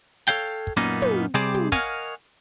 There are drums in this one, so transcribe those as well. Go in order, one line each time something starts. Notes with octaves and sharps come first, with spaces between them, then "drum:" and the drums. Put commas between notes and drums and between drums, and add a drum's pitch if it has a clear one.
A4 C#5 F5 G5
drum: kick
F#2 A#2 A#3 B3 C#4 D#4
drum: tom
C3 G3 G4 G#4 C5 D5
drum: tom
A#4 C#5 D#5 F5 F#5 G#5, drum: kick